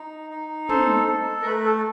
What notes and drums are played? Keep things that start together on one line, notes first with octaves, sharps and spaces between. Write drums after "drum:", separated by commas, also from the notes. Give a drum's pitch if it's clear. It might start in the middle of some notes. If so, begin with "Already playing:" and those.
Already playing: D#4
D#4
A4 C5, drum: tom
A4
A#4
A3 B4
A4